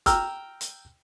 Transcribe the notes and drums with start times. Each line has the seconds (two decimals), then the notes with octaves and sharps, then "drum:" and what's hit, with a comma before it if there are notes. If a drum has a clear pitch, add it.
0.06 G5 A#5 E6 F6, drum: kick F#1, hi-hat
0.61 drum: hi-hat